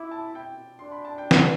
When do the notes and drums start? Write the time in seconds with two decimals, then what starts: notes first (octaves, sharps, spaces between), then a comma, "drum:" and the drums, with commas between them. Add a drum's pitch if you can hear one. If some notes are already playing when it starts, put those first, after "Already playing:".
Already playing: E4 D6
0.11 A5
0.35 G5
0.79 D4 C6
0.92 B5
1.05 A5
1.18 G5
1.31 F#5, drum: snare